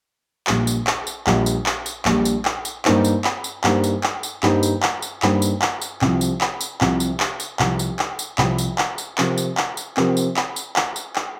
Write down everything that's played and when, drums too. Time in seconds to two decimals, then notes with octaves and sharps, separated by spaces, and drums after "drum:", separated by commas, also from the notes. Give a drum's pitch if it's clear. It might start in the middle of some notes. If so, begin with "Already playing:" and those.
0.47 A#1 A#2 G3, drum: clap
0.67 drum: tambourine
0.87 drum: clap
1.07 drum: tambourine
1.27 A#1 A#2 G3, drum: clap
1.46 drum: tambourine
1.66 drum: clap
1.86 drum: tambourine
2.05 A#1 A#2 G3, drum: clap
2.25 drum: tambourine
2.45 drum: clap
2.65 drum: tambourine
2.85 G2 G3 A#3 D#4 C5, drum: clap
3.05 drum: tambourine
3.24 drum: clap
3.44 drum: tambourine
3.64 G2 G3 A#3 D#4 C5, drum: clap
3.84 drum: tambourine
4.03 drum: clap
4.23 drum: tambourine
4.43 G2 G3 A#3 D#4 C5, drum: clap
4.63 drum: tambourine
4.83 drum: clap
5.02 drum: tambourine
5.22 G2 G3 A#3 D#4 C5, drum: clap
5.42 drum: tambourine
5.62 drum: clap
5.81 drum: tambourine
6.01 C2 C3 F3, drum: clap
6.21 drum: tambourine
6.41 drum: clap
6.61 drum: tambourine
6.81 C2 C3 F3, drum: clap
7.00 drum: tambourine
7.20 drum: clap
7.40 drum: tambourine
7.59 C2 C3 F3, drum: clap
7.79 drum: tambourine
7.99 drum: clap
8.19 drum: tambourine
8.38 C2 C3 F3, drum: clap
8.58 drum: tambourine
8.78 drum: clap
8.98 drum: tambourine
9.18 C3 F3 C4 G4 A#4, drum: clap
9.38 drum: tambourine
9.57 drum: clap
9.77 drum: tambourine
9.97 C3 F3 C4 G4 A#4, drum: clap
10.17 drum: tambourine
10.36 drum: clap
10.56 drum: tambourine
10.76 drum: clap
10.96 drum: tambourine
11.16 drum: clap